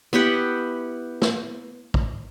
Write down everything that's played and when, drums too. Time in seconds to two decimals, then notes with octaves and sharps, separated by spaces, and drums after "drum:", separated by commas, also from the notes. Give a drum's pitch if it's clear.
0.13 B3 E4 G4 F#5
1.22 drum: snare
1.94 drum: kick